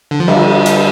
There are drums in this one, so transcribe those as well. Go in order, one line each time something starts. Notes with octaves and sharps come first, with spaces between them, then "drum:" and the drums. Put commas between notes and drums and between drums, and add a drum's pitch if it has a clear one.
D3
F3
D3 G3, drum: cymbal
drum: hi-hat